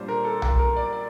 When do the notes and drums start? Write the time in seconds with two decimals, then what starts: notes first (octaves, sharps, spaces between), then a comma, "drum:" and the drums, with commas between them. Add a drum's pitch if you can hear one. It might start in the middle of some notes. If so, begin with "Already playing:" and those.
Already playing: A#2 G3 D4 C5
0.08 A#4
0.25 A4
0.42 A#4, drum: tom B1
0.59 A#4
0.76 D5
0.93 D5